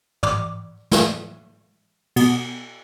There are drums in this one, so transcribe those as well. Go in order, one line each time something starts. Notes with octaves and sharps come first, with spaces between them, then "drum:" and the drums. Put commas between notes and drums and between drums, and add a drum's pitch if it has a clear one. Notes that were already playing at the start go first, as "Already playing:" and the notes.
D5, drum: tom
drum: snare
B2, drum: cymbal